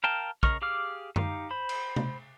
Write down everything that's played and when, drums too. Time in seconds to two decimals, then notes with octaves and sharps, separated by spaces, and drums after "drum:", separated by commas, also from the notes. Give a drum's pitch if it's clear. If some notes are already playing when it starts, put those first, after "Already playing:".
0.04 A#4 F5 G5 A5
0.43 C#3 A#4 D#5 C#6 F6, drum: kick A#1
0.62 G4 G#4 F5 D6 F6
1.16 D#4 G4 F5, drum: tom F#2
1.51 C5 B5
1.69 drum: cymbal
1.96 drum: tom C3